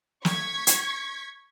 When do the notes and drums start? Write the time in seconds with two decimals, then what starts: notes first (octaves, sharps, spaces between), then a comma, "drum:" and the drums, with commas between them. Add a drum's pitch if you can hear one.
0.25 C#6 G#6 B6, drum: snare
0.67 drum: hi-hat